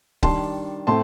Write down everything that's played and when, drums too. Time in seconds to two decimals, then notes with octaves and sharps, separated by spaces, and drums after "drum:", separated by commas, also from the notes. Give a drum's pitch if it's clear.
0.23 D#3 G3 D4 A5 C6, drum: kick C#1
0.87 A2 A3 C4 A5 C6